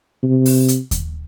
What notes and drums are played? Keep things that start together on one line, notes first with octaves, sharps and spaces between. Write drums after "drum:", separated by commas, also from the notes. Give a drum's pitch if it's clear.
C3
drum: open hi-hat
drum: hi-hat
drum: kick D#2, hi-hat